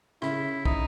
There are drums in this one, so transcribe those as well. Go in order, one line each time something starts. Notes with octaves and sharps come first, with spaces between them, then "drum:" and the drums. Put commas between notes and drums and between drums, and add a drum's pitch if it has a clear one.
C#3 E4, drum: rim click
D#4, drum: kick